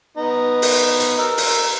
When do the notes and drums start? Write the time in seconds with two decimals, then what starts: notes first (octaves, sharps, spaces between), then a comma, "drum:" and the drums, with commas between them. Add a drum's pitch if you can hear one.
0.17 B3 D#4
0.62 drum: open hi-hat
1.00 drum: hi-hat
1.19 A#4 E6
1.38 drum: open hi-hat